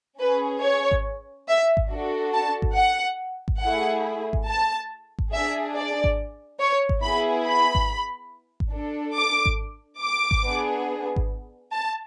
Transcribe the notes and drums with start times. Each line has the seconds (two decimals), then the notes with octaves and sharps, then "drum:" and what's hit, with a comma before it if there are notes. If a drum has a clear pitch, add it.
0.20 C#4 G#4 B4
0.63 C#5
0.91 drum: kick G#1
1.49 E5
1.77 drum: kick G#1
1.91 D4 F#4 A4
2.33 A5
2.62 drum: kick G#1
2.76 F#5
3.48 drum: kick G#1
3.62 A3 E4 G#4 F#5
4.33 drum: kick G#1
4.48 A5
5.19 drum: kick G#1
5.33 D4 G#4 E5
5.76 D5
6.04 drum: kick G#1
6.61 C#5
6.89 drum: kick G#1
7.03 B3 E4 G#4 B5
7.46 B5
7.75 drum: kick G#1
8.60 drum: kick G#1
8.74 D4 A4
9.17 D6
9.46 drum: kick G#1
10.02 D6
10.31 drum: kick G#1
10.45 B3 D4 G#4
11.16 drum: kick G#1
11.73 A5